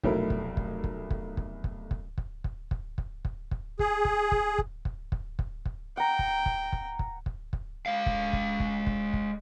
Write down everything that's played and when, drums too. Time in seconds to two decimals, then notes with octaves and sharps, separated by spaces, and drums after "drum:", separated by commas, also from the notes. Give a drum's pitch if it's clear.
0.03 F1 B1 A3 E4 A#4, drum: kick
0.30 drum: kick
0.57 drum: kick
0.84 drum: kick
1.11 drum: kick
1.37 drum: kick
1.64 drum: kick
1.91 drum: kick
2.18 drum: kick
2.44 drum: kick
2.71 drum: kick
2.98 drum: kick
3.25 drum: kick
3.51 drum: kick
3.79 G#4, drum: kick
4.05 drum: kick
4.32 drum: kick
4.58 drum: kick
4.85 drum: kick
5.12 drum: kick
5.39 drum: kick
5.65 drum: kick
5.97 F#5 G5 A#5
6.19 drum: kick
6.46 drum: kick
6.73 drum: kick
6.99 drum: kick
7.26 drum: kick
7.53 drum: kick
7.86 G#3 F5
8.06 drum: kick
8.33 drum: kick
8.60 drum: kick
8.87 drum: kick
9.13 drum: kick